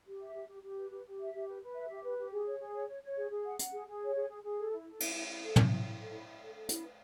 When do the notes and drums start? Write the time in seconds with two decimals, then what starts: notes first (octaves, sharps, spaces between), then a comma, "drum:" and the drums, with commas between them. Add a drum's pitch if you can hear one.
0.07 G4
0.21 E5
0.34 G4
0.49 G4
0.63 G4
0.77 B4
0.91 G4
1.06 G4
1.19 E5
1.34 G4
1.48 B4
1.62 B4
1.76 E5
1.89 G4
2.04 B4
2.18 G4
2.32 G#4
2.46 C#5
2.61 G#4
2.74 C#5
2.88 C#5
3.03 C#5
3.17 G#4
3.31 G#4
3.45 F#5
3.59 F#5, drum: hi-hat
3.73 G#4
3.87 G#4
4.02 C#5
4.16 G#4
4.30 G#4
4.43 G#4
4.58 A4
4.72 E4
4.86 A4
5.00 E4, drum: cymbal
5.14 E4
5.28 E4
5.42 A4
5.56 E4, drum: tom
5.71 E4
5.85 E4
5.99 A4
6.12 E4
6.27 E4
6.41 A4
6.55 A4
6.69 E4, drum: hi-hat
6.83 B4